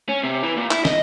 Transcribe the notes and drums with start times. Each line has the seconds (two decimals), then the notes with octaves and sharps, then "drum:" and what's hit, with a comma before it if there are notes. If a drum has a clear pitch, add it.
0.09 C#4
0.24 C3
0.43 E3
0.57 A#2
0.71 E4, drum: clap
0.85 D#5, drum: snare